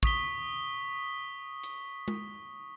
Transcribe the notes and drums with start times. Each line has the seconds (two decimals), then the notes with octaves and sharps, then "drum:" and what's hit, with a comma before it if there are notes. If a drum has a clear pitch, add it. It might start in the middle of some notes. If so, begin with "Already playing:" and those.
0.03 C#6 D#6 B6 G7, drum: kick
1.64 drum: hi-hat
2.08 drum: tom G#3